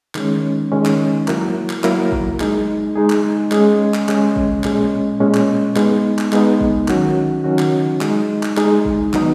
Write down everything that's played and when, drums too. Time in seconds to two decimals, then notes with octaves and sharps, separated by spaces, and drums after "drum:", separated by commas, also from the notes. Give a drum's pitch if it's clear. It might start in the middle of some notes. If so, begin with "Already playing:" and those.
0.15 D#3 G#3 C#4, drum: clap
0.72 D#3 G#3 C#4
0.85 drum: clap
1.28 F#3 A#3 E4 A#4, drum: clap
1.70 drum: clap
1.84 F#3 A#3 E4 A#4, drum: clap
2.12 drum: kick
2.40 G#3 D#4 G#4, drum: clap
2.95 G#3 D#4 G#4
3.10 drum: clap
3.52 G#3 C#4 G#4, drum: clap
3.94 drum: clap
4.09 G#3 C#4 G#4, drum: clap
4.36 drum: kick
4.64 A#2 G#3 C#4, drum: clap
5.20 A#2 G#3 C#4
5.34 drum: clap
5.76 G#3 B3 D#4, drum: clap
6.19 drum: clap
6.33 G#3 B3 D#4, drum: clap
6.61 drum: kick
6.88 D#3 F#3 C#4 F#4, drum: clap
7.44 D#3 F#3 C#4 F#4
7.59 drum: clap
8.01 G#3 D#4 G#4, drum: clap
8.43 drum: clap
8.57 G#3 D#4 G#4, drum: clap
8.85 drum: kick
9.14 D#3 F#3 B3 D#4, drum: clap